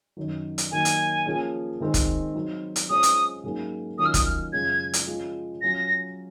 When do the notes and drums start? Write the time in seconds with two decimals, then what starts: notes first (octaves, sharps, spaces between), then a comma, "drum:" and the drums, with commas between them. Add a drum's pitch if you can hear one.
0.17 F#2 D#3 F#3
0.58 drum: hi-hat
0.71 D#3 F#3 A#3 G#5
0.85 drum: hi-hat
1.26 F3 A#3 C#4 G#4
1.80 G#2 D#3 G#3 C4
1.94 drum: kick, hi-hat
2.35 F#3 C4 D#4
2.76 drum: hi-hat
2.90 G#3 C#4 F4 C5 D#6
3.03 drum: hi-hat
3.43 G#2 F#3 A#3 C#4
3.98 D#3 F#3 C#4 F4 A#4 D#6
4.05 F6
4.14 D#6, drum: kick, hi-hat
4.26 F6
4.53 F#2 C#3 G#3 C#4 F4 G#6
4.93 drum: hi-hat
5.07 F3 G#3 C#4 F4
5.61 F#3 C#4 F4 A#6